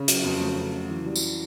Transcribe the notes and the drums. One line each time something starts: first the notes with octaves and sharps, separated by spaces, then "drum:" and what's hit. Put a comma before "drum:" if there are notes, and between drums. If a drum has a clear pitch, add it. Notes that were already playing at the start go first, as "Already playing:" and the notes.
Already playing: C#3
F#3, drum: hi-hat
F2
A3
C#3
F#3
E3
G3
drum: tambourine